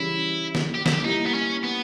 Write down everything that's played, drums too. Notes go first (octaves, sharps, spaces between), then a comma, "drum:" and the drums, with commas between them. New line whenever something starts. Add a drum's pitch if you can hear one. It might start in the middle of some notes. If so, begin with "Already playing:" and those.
Already playing: C#3 E3 G3 C#4 E4
drum: snare
G4
E4, drum: snare
G4
G3 A#3 D#4 E4
B3
C#4
B3